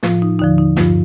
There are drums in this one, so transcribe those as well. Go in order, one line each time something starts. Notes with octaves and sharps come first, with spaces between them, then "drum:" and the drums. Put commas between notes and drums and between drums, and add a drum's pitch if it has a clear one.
A2 F3 F4, drum: snare
D#4
D#2 D3 F3 D#4
D#4
G2 F3 F4, drum: snare